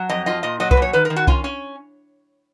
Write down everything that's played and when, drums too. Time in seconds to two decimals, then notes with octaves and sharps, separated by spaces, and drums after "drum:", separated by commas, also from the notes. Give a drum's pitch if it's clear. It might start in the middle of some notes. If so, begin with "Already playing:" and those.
Already playing: F#3
0.09 F2 D#5
0.26 F4 D#5
0.43 A#2 D#5
0.60 F#3 D#5
0.71 B4, drum: kick C2
0.77 A#2 C#5
0.93 D#3 B4
1.05 A#4
1.10 D#3
1.16 F#4
1.27 C#4 F4, drum: kick C2
1.44 C#4